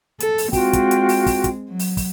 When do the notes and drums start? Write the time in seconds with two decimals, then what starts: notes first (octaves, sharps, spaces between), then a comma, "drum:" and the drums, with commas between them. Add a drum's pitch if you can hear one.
0.20 A4, drum: hi-hat
0.38 drum: open hi-hat
0.53 G#3 C4 F4 F#4 G5, drum: kick, open hi-hat
0.73 drum: kick, hi-hat
0.91 drum: hi-hat
1.09 drum: open hi-hat
1.26 drum: kick, open hi-hat
1.44 drum: kick, hi-hat
1.69 F#3
1.79 drum: open hi-hat
1.97 drum: kick, open hi-hat